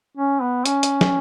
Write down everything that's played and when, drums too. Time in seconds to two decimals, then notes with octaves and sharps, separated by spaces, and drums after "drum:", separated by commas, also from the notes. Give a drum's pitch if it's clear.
0.17 C#4
0.41 B3
0.66 C#4, drum: hi-hat
0.83 drum: hi-hat
1.01 drum: snare